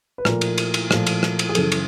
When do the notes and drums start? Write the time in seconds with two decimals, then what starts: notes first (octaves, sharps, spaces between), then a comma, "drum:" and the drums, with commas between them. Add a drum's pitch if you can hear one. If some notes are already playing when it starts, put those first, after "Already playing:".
0.18 B4
0.25 A#2 F3 A3 A#4, drum: rim click
0.41 drum: cymbal
0.58 drum: cymbal
0.74 drum: cymbal
0.91 A#2 F3 A3, drum: rim click
1.07 drum: cymbal
1.23 drum: rim click
1.39 drum: cymbal
1.49 G#4
1.55 F#2 C#3 E3 A4, drum: cymbal
1.72 drum: cymbal